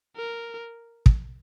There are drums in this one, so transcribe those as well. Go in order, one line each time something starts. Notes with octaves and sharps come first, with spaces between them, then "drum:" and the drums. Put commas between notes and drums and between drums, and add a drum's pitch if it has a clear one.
A#4
drum: kick